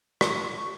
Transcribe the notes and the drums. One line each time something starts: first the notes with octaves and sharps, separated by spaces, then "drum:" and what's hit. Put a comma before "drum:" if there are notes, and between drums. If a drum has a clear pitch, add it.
C#6, drum: rim click